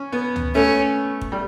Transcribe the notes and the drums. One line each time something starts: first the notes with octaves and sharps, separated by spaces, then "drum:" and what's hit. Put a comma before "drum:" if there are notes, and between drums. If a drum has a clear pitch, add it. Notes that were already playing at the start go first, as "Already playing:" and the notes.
Already playing: C#4
B3
drum: tom
A3 C#4
drum: kick
G3